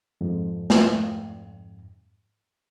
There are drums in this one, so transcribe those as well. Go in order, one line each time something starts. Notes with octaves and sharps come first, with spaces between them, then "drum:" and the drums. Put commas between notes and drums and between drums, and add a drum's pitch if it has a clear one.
F2 G#2
drum: snare